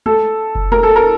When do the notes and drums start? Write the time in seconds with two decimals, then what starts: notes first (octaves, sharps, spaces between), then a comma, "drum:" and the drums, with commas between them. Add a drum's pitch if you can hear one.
0.06 A4, drum: tom G#3
0.55 drum: kick F#1
0.72 A#4, drum: tom G#3
0.83 A4
0.96 A#4